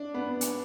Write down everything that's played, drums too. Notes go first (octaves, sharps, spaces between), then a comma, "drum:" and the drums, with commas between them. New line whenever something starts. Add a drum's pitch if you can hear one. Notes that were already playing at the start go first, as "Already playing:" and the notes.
Already playing: D4
B3
drum: hi-hat